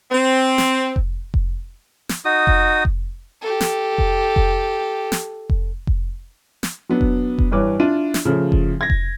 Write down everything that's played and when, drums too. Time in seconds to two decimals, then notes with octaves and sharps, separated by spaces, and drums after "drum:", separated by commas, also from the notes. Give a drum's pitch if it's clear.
0.11 C4
0.58 drum: snare
0.96 drum: kick F1
1.34 drum: kick F1
2.09 drum: snare
2.25 D#4 F#4 D#6
2.47 drum: kick F1
2.85 drum: kick F1
3.42 G4 A4
3.61 drum: snare
3.98 drum: kick F1
4.36 drum: kick F1
5.12 drum: snare
5.50 drum: kick F1
5.87 drum: kick F1
6.63 drum: snare
6.89 F#3 B3 D4
7.01 drum: kick F1
7.39 drum: kick F1
7.52 G2 E3 B4 C#5 D6
7.80 D4 E4 F4 D#7
8.14 drum: snare
8.25 C#3 F3 A3
8.52 drum: kick F1
8.81 G#6 A#6
8.90 drum: kick F1